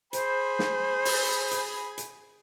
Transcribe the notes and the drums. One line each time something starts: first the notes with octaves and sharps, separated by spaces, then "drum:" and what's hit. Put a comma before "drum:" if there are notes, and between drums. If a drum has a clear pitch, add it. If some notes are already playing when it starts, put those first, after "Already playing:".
G#4 C5 G#5 B5, drum: hi-hat
drum: snare
drum: open hi-hat
drum: hi-hat
drum: hi-hat